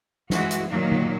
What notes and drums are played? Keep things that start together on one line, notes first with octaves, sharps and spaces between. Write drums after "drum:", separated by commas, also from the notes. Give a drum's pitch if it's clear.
E3 G#3 F#4, drum: snare
drum: hi-hat
A#2 D#3 F#3 A#3
drum: tom D3